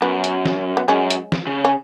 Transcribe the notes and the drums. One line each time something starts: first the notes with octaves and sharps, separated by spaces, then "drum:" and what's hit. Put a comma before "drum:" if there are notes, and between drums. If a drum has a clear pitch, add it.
F#2 B3
drum: hi-hat
drum: snare
B3
F#2 G#3 C#4
drum: hi-hat
drum: snare
C#3
C#4